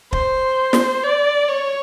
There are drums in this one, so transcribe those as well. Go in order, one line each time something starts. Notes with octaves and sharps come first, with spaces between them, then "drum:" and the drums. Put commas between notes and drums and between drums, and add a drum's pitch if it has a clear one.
C5, drum: kick
drum: snare
D5
C#5